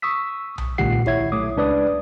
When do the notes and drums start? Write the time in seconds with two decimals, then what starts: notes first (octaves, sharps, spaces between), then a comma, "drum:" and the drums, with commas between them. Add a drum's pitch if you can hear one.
0.02 C#6 D#6 E6 B6
0.58 drum: tom B1
0.78 C#2 A#2 D#3 G4 F#5 C7
1.06 A#1 E4 C#5 E5 G#6, drum: kick
1.32 B1 A3 D6 D#6
1.57 C#2 D4 B4 D5 D#6